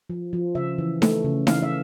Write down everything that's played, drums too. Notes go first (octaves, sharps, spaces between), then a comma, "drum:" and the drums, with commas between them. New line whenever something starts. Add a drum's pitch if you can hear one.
F3
F3
C#3 E5
E3
A3, drum: snare D#4
C#3
E3 F5, drum: snare D#4
E5